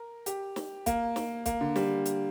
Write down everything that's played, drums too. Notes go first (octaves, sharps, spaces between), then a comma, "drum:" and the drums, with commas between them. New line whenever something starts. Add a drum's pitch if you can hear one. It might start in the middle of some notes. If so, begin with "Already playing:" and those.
Already playing: A#4
G4, drum: hi-hat
drum: snare
A#3, drum: kick, hi-hat
drum: snare
A#3, drum: kick, hi-hat
D3
G3, drum: snare
drum: hi-hat